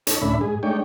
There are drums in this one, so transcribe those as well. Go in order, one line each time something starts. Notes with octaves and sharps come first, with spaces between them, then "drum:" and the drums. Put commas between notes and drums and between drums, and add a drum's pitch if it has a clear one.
D#4 A4 C#5, drum: hi-hat
D2 A2 C#4 D4 E5 B5
G#2 G#4
G#3 A3 D4 D#4 C#5 G5